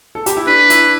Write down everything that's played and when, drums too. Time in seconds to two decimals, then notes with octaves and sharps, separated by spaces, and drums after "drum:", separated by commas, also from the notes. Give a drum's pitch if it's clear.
0.15 A4
0.26 G4, drum: hi-hat
0.37 E4
0.47 D4 B4
0.70 E4, drum: hi-hat